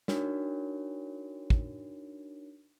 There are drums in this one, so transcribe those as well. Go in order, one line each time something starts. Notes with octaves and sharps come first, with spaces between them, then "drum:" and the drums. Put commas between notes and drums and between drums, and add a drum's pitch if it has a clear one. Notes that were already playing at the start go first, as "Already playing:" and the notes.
D4 D#4 F#4 A#4 C#5, drum: snare
drum: kick